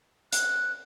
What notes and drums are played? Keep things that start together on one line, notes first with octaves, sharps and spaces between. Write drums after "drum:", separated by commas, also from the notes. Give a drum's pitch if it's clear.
F#6, drum: hi-hat